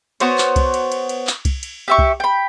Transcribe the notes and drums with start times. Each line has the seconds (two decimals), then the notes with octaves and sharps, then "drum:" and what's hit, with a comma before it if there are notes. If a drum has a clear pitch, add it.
0.20 B3 F#4 C5 C#5, drum: cymbal
0.38 drum: clap
0.56 drum: kick C2, cymbal
0.74 drum: cymbal
0.92 drum: cymbal
1.09 drum: cymbal
1.27 drum: clap
1.45 drum: kick C2, cymbal
1.63 drum: cymbal
1.88 G4 E5 C#6
1.98 drum: kick C2
2.20 G5 B5